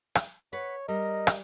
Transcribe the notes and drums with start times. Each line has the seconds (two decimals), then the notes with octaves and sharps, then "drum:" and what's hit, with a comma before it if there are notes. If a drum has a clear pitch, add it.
0.15 drum: rim click
0.53 B4 C#5 F#5
0.88 G3 A#4 D#5
1.27 drum: rim click